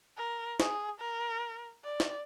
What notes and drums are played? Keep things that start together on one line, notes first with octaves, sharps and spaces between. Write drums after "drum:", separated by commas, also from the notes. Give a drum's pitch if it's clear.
A#4
G#4, drum: snare
A#4
D5
drum: snare